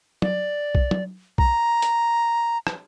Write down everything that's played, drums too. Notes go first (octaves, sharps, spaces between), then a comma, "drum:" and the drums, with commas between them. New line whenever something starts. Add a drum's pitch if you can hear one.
D5, drum: tom
drum: kick B1
drum: tom
A#5, drum: kick B1
drum: hi-hat
drum: rim click